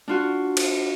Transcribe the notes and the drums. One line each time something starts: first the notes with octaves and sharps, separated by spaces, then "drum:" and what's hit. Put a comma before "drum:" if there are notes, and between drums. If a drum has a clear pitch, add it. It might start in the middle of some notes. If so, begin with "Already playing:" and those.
D4 F4 F#4
drum: cymbal